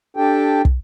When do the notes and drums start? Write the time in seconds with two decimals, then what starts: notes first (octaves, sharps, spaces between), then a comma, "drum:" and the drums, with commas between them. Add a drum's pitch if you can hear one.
0.17 D4 G4 A4 G5
0.65 drum: kick